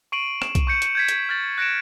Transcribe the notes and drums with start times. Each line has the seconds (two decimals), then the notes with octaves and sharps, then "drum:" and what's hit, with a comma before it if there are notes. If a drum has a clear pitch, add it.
0.12 C#6 C7 D7 D#7 F#7
0.42 E7, drum: rim click
0.55 drum: kick, hi-hat
0.67 C#6 G6 C#7
0.82 drum: hi-hat
0.95 G6 G#6 B6
1.08 drum: hi-hat
1.29 F6 G6 A6 F#7
1.58 F#6 A#6 C#7 D7 E7